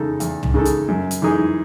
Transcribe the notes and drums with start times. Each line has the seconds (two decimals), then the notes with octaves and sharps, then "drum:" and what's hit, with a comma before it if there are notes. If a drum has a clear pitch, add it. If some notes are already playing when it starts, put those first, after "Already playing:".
Already playing: E2 C#3 G#3 D#4 A4
0.20 E2, drum: hi-hat
0.43 drum: tom C2
0.54 C#3 G#3 D#4 A4
0.65 drum: hi-hat
0.88 F#2
1.11 drum: hi-hat
1.22 E3 G#3 D#4 G#4